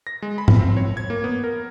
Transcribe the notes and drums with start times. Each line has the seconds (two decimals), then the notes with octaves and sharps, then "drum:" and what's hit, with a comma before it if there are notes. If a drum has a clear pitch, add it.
0.07 A#6
0.22 G#3
0.38 B5
0.48 drum: tom G#2
0.59 C4
0.77 C#5
0.97 G#6
1.10 A#3
1.24 B3
1.44 A#4